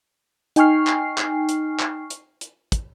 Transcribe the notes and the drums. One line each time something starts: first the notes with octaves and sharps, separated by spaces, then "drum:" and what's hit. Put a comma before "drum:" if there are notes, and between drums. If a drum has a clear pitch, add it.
D#4 G5 G#5 C#6 F6 C7, drum: hi-hat
drum: clap
drum: clap
drum: hi-hat
drum: clap
drum: hi-hat
drum: hi-hat
drum: kick, hi-hat